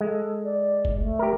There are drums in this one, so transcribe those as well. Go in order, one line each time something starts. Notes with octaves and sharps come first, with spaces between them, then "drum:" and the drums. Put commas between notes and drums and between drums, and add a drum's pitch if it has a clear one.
G#3 A4
D5
drum: kick
A3
G4 A#4